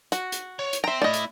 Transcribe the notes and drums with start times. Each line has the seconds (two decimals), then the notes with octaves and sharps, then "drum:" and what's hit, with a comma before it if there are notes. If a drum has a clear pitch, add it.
0.12 F#4, drum: hi-hat
0.32 drum: hi-hat
0.59 C#5
0.73 drum: hi-hat
0.84 E5 G5 A#5 C6
1.02 A3 E4 D5 D#5
1.14 drum: hi-hat